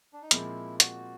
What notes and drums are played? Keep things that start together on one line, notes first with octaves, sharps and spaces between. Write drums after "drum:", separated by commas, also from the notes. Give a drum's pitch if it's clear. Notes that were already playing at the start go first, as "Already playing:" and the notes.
D4
D#4
A#2 F3 G#3 C4 E4, drum: hi-hat
F#4, drum: hi-hat